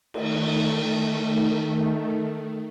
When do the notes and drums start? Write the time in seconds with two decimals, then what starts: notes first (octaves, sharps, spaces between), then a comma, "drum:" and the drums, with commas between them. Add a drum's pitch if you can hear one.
0.14 D#3 A3, drum: cymbal